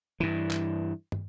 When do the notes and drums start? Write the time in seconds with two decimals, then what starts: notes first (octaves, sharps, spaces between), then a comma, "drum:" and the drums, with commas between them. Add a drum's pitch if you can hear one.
0.20 G2 E3
0.51 drum: clap
1.12 drum: tom